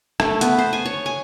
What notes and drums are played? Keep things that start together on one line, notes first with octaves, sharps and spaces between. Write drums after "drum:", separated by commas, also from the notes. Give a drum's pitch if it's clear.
A3, drum: rim click
B3, drum: hi-hat
C5
G#5
C#5
G#5